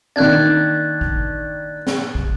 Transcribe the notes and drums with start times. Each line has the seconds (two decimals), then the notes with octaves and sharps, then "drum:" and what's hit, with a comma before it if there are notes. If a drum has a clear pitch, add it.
0.16 D#3 A#3 D4 F#6 G#6 A6
1.01 drum: kick
1.87 drum: snare
2.15 drum: kick